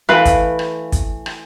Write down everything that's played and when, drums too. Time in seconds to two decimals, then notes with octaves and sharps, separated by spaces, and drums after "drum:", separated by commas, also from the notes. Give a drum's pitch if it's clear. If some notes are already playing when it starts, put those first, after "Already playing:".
0.09 E3 A3 B4 F5 G5 B5
0.25 drum: kick, hi-hat
0.59 drum: rim click
0.92 drum: kick, hi-hat
1.26 drum: rim click